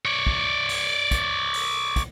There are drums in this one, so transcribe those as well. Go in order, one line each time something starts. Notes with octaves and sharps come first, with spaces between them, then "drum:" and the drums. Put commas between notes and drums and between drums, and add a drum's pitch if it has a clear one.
C#5 D5
drum: kick
drum: open hi-hat
drum: kick, hi-hat
drum: open hi-hat
drum: kick, hi-hat